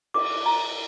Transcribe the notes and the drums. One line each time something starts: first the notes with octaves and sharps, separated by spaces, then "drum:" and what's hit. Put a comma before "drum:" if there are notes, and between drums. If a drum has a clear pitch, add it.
D6, drum: cymbal
A#5